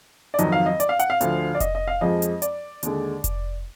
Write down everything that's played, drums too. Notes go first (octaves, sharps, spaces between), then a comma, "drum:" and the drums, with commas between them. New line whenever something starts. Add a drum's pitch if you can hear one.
D5
F2 D#3 F#3 D#5, drum: hi-hat
F5
D#5
D5, drum: hi-hat
F5
F#5, drum: hi-hat
F5
D2 D3 F3, drum: hi-hat
D5
D#5, drum: kick F1, hi-hat
D#5
F5
F2 F3 G#3 D#5
drum: hi-hat
D5, drum: hi-hat
D#2 D3 G#3, drum: hi-hat
drum: kick F1, hi-hat